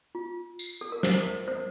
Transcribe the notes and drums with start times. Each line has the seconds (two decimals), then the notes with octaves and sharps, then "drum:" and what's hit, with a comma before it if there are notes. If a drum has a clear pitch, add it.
0.15 F4
0.59 drum: tambourine
0.81 A4
0.92 A#4
1.03 C5, drum: snare
1.14 C5
1.48 C5